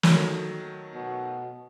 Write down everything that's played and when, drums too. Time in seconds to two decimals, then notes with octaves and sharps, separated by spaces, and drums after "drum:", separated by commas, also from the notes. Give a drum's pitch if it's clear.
0.03 D#3 F#3 A3, drum: snare
0.95 B2